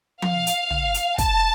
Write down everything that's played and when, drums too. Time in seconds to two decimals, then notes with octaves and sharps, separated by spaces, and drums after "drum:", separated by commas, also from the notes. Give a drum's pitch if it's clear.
0.22 F5, drum: tom F3
0.47 drum: hi-hat
0.71 drum: tom
0.94 drum: hi-hat
1.18 A5, drum: kick, hi-hat